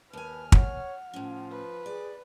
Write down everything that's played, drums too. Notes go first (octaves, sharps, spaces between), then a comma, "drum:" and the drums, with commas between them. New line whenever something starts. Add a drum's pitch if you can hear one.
D#2 B4 G#5 A5 F6
C#5 F#5, drum: kick
A2 F3 C#4
B4
G#4 D5